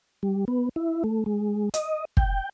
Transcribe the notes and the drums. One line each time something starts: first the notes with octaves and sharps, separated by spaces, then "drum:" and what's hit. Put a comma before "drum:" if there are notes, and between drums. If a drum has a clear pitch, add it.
G3
B3
E4
A3
G#3
D#5, drum: hi-hat
G5, drum: kick